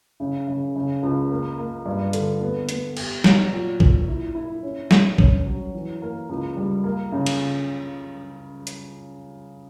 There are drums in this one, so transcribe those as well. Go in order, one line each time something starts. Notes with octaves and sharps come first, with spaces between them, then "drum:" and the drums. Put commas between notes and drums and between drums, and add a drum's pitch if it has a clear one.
C#3
C#3
C#3
C#2
A#3
A#3
G2
D3, drum: hi-hat
B3
B3, drum: hi-hat
G4, drum: cymbal
F#3, drum: snare
A#2
A#2, drum: kick A1
E4
E4
C#4
G3, drum: snare
C#4, drum: kick A1
F#3
E3
A#3
C#2
G3
A#3
C#3
drum: cymbal
drum: hi-hat